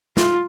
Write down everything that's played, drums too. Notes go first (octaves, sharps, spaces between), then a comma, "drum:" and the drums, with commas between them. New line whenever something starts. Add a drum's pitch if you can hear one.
F4, drum: snare